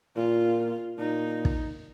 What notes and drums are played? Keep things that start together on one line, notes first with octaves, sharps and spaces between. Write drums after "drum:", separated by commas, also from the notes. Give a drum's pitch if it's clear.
A#2 F4
A#2 D#4
drum: kick